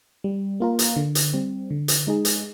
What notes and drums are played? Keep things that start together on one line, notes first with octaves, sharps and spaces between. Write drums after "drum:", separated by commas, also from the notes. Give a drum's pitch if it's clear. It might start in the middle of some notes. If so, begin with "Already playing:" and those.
G3
A#3 F4 A#4
drum: hi-hat
D3
drum: hi-hat
G3 C4
D3
drum: hi-hat
G#3 D#4 G#4
drum: hi-hat